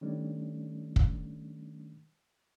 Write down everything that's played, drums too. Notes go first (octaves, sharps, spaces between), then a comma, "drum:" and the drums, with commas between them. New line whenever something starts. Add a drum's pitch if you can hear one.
D#3 G3 A3 C#4 D4
drum: kick